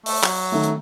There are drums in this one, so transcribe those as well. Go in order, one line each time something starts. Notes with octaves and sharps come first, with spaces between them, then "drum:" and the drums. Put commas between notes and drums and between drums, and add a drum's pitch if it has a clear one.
A3, drum: open hi-hat
F#3, drum: clap
D#3 A3
drum: hi-hat